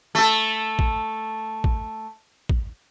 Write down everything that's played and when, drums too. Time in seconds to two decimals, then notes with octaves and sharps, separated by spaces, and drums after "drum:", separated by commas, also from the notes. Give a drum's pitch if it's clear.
0.15 A3 A4
0.79 drum: kick
1.64 drum: kick
2.49 drum: kick